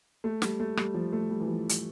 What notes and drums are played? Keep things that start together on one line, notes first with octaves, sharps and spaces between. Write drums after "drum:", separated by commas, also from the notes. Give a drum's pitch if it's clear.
A3
G3, drum: snare
A3
G3, drum: rim click
F3
A3
G3
E3
F3
drum: hi-hat